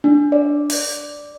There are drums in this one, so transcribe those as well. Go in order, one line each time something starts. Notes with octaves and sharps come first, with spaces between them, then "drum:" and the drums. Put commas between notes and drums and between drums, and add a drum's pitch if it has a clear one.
D4
D5
drum: open hi-hat